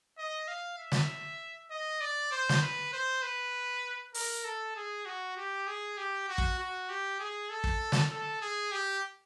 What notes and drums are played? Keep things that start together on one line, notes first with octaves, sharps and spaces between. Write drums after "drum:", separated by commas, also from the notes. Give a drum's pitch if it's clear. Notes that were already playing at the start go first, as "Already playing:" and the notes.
D#5
F5
E5
drum: snare
D#5
D5
C5
drum: snare
B4
C5
B4
A#4, drum: open hi-hat
A4
G#4
F#4
G4
G#4
G4
F#4
drum: kick
F#4
G4
G#4
A4
drum: kick
drum: snare
A4
G#4
G4